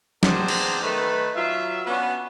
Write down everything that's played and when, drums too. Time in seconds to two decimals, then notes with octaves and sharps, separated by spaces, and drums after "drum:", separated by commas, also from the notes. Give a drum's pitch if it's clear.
0.23 B3 C4 D4 G#4 A#4 C5, drum: snare
0.48 drum: cymbal
0.82 D#3 A3 B4
1.35 F#3 F4 E5
1.85 B3 C#4 D4 F#4 B4